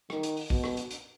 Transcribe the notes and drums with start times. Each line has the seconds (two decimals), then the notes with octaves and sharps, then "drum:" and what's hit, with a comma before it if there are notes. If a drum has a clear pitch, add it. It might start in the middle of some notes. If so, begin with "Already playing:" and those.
0.10 D#3, drum: rim click
0.23 drum: hi-hat
0.37 drum: open hi-hat
0.50 B2, drum: kick
0.64 drum: rim click
0.77 drum: hi-hat
0.91 drum: hi-hat